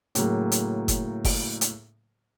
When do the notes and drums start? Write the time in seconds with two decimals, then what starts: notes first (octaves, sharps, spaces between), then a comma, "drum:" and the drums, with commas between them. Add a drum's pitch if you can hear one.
0.15 A2 C#3 F#3 A#3, drum: hi-hat
0.52 drum: hi-hat
0.88 drum: kick F#1, hi-hat
1.25 drum: kick F#1, open hi-hat
1.61 drum: hi-hat